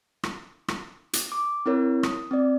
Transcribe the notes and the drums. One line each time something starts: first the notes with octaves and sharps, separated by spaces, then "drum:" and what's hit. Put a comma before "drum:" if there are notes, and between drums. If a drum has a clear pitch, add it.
drum: rim click
drum: rim click
drum: hi-hat
D6
C4 E4 A#4 C#5
D#6, drum: rim click
C4 D5